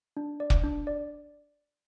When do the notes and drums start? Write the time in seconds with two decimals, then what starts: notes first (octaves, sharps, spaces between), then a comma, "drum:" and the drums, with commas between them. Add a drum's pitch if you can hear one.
0.17 D4
0.40 D5
0.50 drum: kick
0.64 D4
0.87 D5